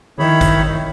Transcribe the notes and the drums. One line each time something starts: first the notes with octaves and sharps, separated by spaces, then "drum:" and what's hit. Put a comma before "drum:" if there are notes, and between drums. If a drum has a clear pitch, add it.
D#3 E4 C#5 B5
drum: kick, hi-hat